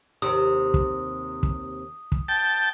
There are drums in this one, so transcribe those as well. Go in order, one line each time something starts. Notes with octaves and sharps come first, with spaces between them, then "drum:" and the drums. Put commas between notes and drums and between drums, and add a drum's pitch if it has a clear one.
D#2 C3 D#6
drum: kick
drum: kick
drum: kick
G5 A5